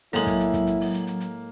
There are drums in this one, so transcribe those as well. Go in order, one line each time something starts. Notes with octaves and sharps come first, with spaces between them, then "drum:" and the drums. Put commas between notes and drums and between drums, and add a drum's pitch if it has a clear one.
A2 F#3 G#3 A#3 E4 F#7, drum: hi-hat
drum: kick, hi-hat
drum: hi-hat
drum: kick, hi-hat
drum: hi-hat
drum: open hi-hat
drum: hi-hat
drum: hi-hat
drum: hi-hat